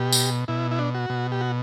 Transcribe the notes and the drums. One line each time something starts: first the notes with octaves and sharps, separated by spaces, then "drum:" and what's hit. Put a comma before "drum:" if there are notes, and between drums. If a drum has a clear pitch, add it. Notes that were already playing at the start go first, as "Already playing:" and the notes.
Already playing: B2 G4
drum: tambourine
B2 E4
E4
D4
F#4
B2
G4
F#4